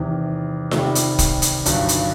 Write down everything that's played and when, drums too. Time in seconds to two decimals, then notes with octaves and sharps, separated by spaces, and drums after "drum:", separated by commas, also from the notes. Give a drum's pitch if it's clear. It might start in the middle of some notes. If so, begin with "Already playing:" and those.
Already playing: E2 C3 D#3
0.71 C3 D#3 G3, drum: snare F4
0.95 drum: hi-hat
1.19 drum: kick, hi-hat
1.42 drum: hi-hat
1.66 G1 G2 D#3 F#3, drum: hi-hat
1.89 drum: hi-hat